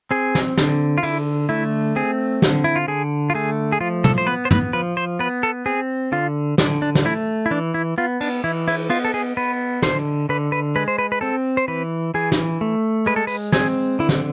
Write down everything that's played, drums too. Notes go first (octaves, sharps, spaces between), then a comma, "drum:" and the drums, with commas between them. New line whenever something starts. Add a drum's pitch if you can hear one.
C4 G#4
drum: snare
D3, drum: snare
F4
D3 E4, drum: cymbal
A3 E4
C4 G#4
D3, drum: snare
E4
F4
D3 G#4
F4
A3 G#4
G#4
F3 F4
A4, drum: tom
C5
B3 B4
C5
B4, drum: tom
F3 B4
C5
B3 B4
A4
C4 G#4
D3 F4
D3 D4, drum: snare
D4
drum: snare
A3 E4
E4
E3 D4
E4
B3 F4
D4, drum: cymbal
E3 E4
E4, drum: cymbal
B3 F4, drum: cymbal
A4
G#4
B3 B4
D3 C5, drum: snare
D3 B4
B4
G#3 B4
C5
B4
B4
C4 A4
C5
E3 B4
E3 G#4
drum: snare
A3
G#3 B4
A4
B4, drum: open hi-hat
C4 G#4, drum: snare
D3 E4
drum: snare